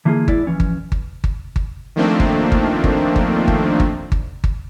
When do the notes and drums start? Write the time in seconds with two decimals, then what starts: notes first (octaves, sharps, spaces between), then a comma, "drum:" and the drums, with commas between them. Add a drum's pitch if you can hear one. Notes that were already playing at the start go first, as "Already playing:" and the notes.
0.05 D3 E3 A#3 F4 G4 G#4
0.28 G#3 E4 D5, drum: kick G1
0.47 E3 F3 C#4
0.60 drum: kick G1
0.92 drum: kick G1
1.24 drum: kick G1
1.56 drum: kick G1
1.96 D#3 F3 A3 A#3 C4 D4
2.20 drum: kick G1
2.52 drum: kick G1
2.84 drum: kick G1
3.16 drum: kick G1
3.48 drum: kick G1
3.80 drum: kick G1
4.12 drum: kick G1
4.44 drum: kick G1